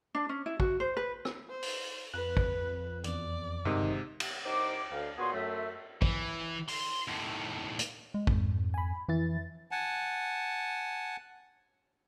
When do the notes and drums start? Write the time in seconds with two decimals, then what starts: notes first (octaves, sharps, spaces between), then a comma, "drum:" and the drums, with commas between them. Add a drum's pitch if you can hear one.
0.15 D4
0.29 C#4
0.46 E4
0.60 F#4, drum: kick
0.80 C5
0.97 B4
1.25 drum: rim click
1.49 C5
1.63 drum: open hi-hat
2.14 F2 B4 F#6
2.37 drum: kick
3.04 E2 D5, drum: hi-hat
3.65 G1 G#2 C3 D#3 D#5
4.20 drum: cymbal
4.46 C2 D#4 C5 D6
4.91 D2 F5
5.18 A#2 B3 F#4 G#4 C#5 C6
5.33 F#2 A3 E5
6.02 E3, drum: kick
6.68 C6, drum: open hi-hat
7.07 D#2 A2
7.79 drum: hi-hat
8.14 G#3
8.27 F2 G#2, drum: kick
8.74 G#5 B5
9.09 F2 E3 E4 A6
9.71 F#5 G#5 A5